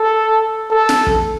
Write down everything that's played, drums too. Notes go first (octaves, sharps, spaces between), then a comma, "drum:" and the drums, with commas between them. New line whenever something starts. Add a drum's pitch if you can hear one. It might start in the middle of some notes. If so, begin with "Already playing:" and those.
Already playing: A4
A4
drum: snare
drum: kick